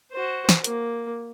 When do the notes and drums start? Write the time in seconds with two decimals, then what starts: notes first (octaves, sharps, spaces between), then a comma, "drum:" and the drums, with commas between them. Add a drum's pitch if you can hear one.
0.12 F#4 C5
0.49 drum: snare
0.64 A#3, drum: hi-hat